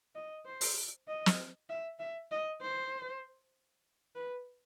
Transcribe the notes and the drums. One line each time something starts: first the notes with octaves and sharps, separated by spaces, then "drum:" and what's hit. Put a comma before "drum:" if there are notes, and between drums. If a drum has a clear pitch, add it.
D#5
C5
drum: open hi-hat
D#5
drum: snare
E5
E5
D#5
C5
B4